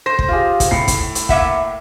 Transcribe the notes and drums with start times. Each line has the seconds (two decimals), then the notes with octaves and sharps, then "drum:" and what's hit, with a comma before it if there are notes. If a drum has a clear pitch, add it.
0.06 C5 A#6
0.19 drum: kick
0.28 F4 G4 G#4
0.60 drum: kick, hi-hat
0.71 A2 C7 C#7
0.88 drum: kick, hi-hat
1.15 drum: hi-hat
1.29 A#3 E5 F#5, drum: kick